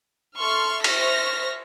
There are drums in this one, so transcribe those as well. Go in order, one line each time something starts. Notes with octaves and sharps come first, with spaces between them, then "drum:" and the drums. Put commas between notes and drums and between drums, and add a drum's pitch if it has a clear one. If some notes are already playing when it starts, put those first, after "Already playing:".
A4 E5 C6 C#6 F6
C5 E5 C#6 F6 A#6 B6, drum: cymbal